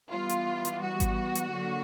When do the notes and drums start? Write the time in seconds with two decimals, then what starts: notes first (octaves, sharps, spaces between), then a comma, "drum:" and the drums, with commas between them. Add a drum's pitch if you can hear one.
0.12 E3 G3 B3 F4
0.29 drum: hi-hat
0.65 drum: hi-hat
0.82 F#4
1.00 drum: kick G#1, hi-hat
1.35 drum: hi-hat
1.53 D3 F#3 A#3